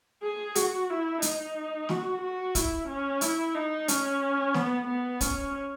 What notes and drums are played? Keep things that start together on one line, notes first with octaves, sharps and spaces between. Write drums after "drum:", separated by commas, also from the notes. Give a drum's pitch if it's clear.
G#4
F#4, drum: hi-hat
E4
D#4, drum: hi-hat
F#4, drum: snare
F#4
E4, drum: kick, hi-hat
C#4
E4, drum: hi-hat
D#4
C#4, drum: hi-hat
B3, drum: snare
B3
C#4, drum: kick, hi-hat